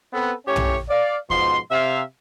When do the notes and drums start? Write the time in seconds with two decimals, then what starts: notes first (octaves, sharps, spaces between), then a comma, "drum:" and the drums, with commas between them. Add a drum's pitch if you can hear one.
0.13 B3 C4 A4 B4
0.47 A2 C#4 G4 C#5
0.56 drum: tom
0.89 D5 F5
1.30 G#2 B2 F3 C6, drum: kick D#2
1.71 C3 E5 F5